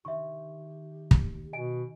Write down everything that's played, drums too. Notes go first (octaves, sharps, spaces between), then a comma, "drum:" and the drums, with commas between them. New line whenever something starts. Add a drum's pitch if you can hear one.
D#3 G4 E5 C6 C#6
drum: kick
B2 D#5 G#5 D7